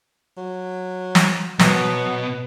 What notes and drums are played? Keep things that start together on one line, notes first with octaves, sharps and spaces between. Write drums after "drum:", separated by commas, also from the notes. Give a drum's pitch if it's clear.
F#3
drum: snare
B2 F#3 B3, drum: snare